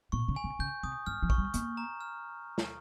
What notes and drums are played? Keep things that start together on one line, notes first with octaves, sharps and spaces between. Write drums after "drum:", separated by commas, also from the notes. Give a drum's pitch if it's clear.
A#2 C#6
C#3
G#5
C#3
C#3 G6
C3 D#6
G2 F6
F3
C#6, drum: kick A1
G3
A#3 C#6, drum: hi-hat
A#5
F6
drum: snare